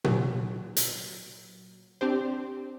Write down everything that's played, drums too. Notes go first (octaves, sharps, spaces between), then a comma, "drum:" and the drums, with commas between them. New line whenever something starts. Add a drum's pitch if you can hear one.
A#2 F#3, drum: tom B2
drum: hi-hat
C4 D4 G4 C5